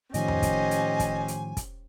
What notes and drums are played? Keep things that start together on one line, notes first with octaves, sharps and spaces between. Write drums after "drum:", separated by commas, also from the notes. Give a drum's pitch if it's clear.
A2 D#3 F3 C#4 G4 C5 D#5 G#5, drum: hi-hat
drum: tom F2
drum: kick, hi-hat
drum: hi-hat
drum: kick, hi-hat
drum: hi-hat
drum: kick, hi-hat